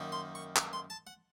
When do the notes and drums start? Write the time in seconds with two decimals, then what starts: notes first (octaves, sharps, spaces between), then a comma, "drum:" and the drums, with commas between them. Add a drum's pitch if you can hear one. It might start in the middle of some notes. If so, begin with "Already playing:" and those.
Already playing: F#2 D#3 A#3
0.12 C6
0.35 C#6
0.56 C#6, drum: clap
0.73 C6
0.90 A5
1.07 F#5